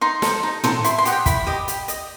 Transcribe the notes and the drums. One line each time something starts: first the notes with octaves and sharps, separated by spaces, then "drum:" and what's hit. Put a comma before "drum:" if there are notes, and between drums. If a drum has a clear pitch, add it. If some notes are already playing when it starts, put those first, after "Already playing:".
D#4 C6
A4 C5, drum: snare
D#4
A4 C5, drum: tom
E4 C6, drum: hi-hat
C6
G4 D#5 F#5, drum: hi-hat
G5
E4 B5, drum: kick, hi-hat
G4 D#5
G4, drum: hi-hat
D#5, drum: hi-hat